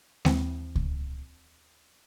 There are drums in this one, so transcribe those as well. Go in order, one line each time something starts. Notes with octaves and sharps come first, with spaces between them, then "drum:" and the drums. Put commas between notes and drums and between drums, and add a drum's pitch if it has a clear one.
D#2 E3 C4, drum: snare G#3
drum: kick C#2